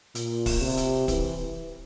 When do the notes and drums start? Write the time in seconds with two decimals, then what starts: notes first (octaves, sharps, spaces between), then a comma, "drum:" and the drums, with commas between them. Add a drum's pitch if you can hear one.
0.15 A#2, drum: hi-hat
0.46 drum: kick, open hi-hat
0.61 C3
0.77 drum: hi-hat
1.08 E3, drum: kick, hi-hat